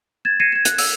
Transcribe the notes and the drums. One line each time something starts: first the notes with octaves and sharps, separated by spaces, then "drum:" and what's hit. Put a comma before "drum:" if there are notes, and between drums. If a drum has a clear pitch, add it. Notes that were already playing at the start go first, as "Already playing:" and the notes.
G#6 A6 E7
G#6 A#6 C7 C#7 D#7 E7
G#6 E7
F#6, drum: hi-hat
E6, drum: open hi-hat